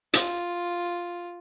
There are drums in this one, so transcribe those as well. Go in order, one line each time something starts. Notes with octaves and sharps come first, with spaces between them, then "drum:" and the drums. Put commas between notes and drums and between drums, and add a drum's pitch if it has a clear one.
F4, drum: hi-hat